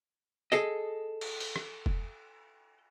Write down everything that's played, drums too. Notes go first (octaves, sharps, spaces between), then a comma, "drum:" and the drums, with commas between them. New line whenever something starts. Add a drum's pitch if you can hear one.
G#4 A4 D#5, drum: tambourine
drum: cymbal
drum: open hi-hat
drum: rim click
drum: kick F1